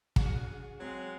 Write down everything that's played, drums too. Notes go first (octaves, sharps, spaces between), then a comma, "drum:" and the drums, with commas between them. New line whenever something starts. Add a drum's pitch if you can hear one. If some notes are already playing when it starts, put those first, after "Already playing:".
C#3 F#4 G#4, drum: kick
F#3 G#3 C4